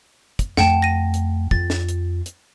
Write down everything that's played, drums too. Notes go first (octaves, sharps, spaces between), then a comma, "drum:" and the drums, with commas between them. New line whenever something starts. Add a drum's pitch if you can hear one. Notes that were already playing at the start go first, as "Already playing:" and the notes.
drum: kick, hi-hat
F2 A3 F#5 G5 A5, drum: snare
A#6 D#7
drum: hi-hat
F2 F4 A6, drum: kick
drum: snare
drum: hi-hat
drum: hi-hat